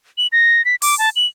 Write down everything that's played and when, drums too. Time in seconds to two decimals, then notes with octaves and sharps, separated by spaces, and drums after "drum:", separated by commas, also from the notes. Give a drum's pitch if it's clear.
0.18 F#7
0.32 A#6
0.65 B6
0.82 D6, drum: open hi-hat
0.99 A5
1.16 F#7